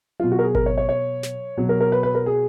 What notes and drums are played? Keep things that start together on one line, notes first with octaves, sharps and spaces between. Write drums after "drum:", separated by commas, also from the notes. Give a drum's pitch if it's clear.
B2 F#3 F4
F#4
A#4
G#4
A#4, drum: kick G#1
C#5
C#5
C#5
drum: snare
B2 F#3
A#4
A#4
B4
B4
A#4
G#4